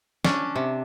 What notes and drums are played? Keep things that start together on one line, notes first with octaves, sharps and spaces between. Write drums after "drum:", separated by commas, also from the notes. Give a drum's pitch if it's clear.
C#4 D4, drum: snare
C3